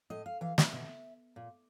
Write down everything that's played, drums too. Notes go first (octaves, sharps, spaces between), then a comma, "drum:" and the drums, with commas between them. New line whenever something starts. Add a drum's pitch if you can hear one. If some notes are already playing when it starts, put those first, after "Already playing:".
A2 D#5
F5
E3 F5
E5, drum: snare
B2
A#2